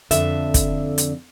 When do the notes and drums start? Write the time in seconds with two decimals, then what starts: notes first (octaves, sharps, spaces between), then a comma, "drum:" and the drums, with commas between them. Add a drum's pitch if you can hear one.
0.11 F2 D3 E5, drum: hi-hat
0.54 drum: kick, hi-hat
0.98 drum: hi-hat